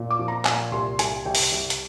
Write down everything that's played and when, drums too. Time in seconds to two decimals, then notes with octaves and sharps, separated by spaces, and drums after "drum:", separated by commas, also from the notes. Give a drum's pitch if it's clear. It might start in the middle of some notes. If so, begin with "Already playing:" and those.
Already playing: A#2
0.10 D6
0.19 F3
0.28 A#5
0.45 A#2 G#5, drum: clap
0.72 C2 C6
0.99 C2 G#5, drum: hi-hat
1.25 C2 G5
1.35 drum: open hi-hat
1.52 C2
1.70 drum: hi-hat